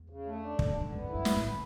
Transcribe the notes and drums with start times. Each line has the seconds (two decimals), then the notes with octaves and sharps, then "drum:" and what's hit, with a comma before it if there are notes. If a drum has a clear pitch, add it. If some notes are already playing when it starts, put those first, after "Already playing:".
Already playing: E2
0.10 C#3
0.26 A3
0.43 D4
0.59 F#2 D3, drum: kick
0.70 A2 D3
0.81 G#2
0.92 F#2 B3
1.03 E2
1.09 E4
1.14 F#2
1.25 B4, drum: snare
1.36 A2
1.42 D3 E3